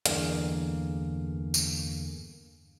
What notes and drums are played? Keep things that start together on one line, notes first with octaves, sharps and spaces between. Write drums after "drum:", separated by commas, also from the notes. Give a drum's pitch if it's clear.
E2 G2 D3 A#3 G#4 F5, drum: hi-hat
drum: tambourine